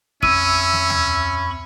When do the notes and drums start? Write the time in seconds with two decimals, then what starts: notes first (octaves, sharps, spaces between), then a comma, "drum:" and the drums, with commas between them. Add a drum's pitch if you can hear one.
0.23 F2 C#4 E5 B5 C#6 E6 D#7, drum: kick
0.73 drum: snare
0.90 drum: tom D#2